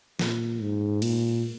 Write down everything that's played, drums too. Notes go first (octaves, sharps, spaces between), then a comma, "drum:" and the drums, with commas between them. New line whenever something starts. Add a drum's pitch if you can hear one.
A#2, drum: snare
G#2
A#2, drum: cymbal